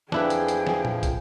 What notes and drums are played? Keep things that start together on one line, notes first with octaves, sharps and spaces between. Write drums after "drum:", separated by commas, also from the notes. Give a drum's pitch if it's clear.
F2 F3 D4 E4 G#4 B4 G5, drum: snare
drum: hi-hat
drum: hi-hat
drum: snare
drum: tom A#2
drum: kick, hi-hat